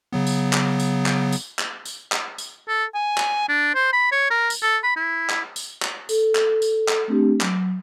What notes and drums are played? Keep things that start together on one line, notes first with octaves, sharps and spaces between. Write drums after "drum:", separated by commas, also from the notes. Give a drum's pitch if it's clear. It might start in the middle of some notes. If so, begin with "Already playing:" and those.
C#3 F#3 B3
drum: tambourine
drum: clap
drum: tambourine
drum: clap
drum: tambourine
drum: clap
drum: tambourine
drum: clap
drum: tambourine
A4
G#5
drum: clap
D4
C5
B5
C#5
A#4
drum: tambourine
A4
B5
E4
drum: clap
drum: tambourine
drum: clap
A4, drum: tambourine
drum: clap
drum: tambourine
drum: clap
A3 C4 D4 G4
F#3, drum: clap